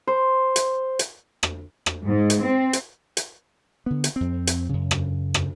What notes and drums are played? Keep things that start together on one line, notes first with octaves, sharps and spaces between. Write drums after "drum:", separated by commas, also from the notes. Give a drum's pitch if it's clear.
C5
drum: hi-hat
drum: hi-hat
drum: rim click
drum: rim click
G#2
drum: hi-hat
C4
drum: hi-hat
drum: hi-hat
D3 B3
drum: hi-hat
F2 C4
drum: hi-hat
F#2 C#3
drum: rim click
drum: rim click